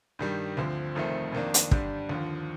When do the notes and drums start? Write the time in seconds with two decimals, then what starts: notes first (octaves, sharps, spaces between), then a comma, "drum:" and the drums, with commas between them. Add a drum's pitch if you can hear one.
0.19 G2 D#3 G3
0.57 D2 D3 F3 C4
0.95 F1 F2 D#3 A3 C4
1.32 F2 D#3 A#3 D4
1.54 drum: hi-hat
1.71 G2 D3 G3 D4, drum: kick
2.09 D#2 D3 F3